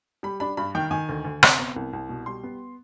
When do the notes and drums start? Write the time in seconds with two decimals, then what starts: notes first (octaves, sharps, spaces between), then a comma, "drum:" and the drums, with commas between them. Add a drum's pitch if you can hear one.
0.23 G3 B5
0.40 D4 B5
0.57 G2 B5
0.75 D#3 G5
0.91 D#3 G#5
1.09 D2
1.25 D2
1.43 C3, drum: rim click
1.59 B3
1.76 C2
1.93 C2
2.09 B2
2.26 G3 C6
2.43 B3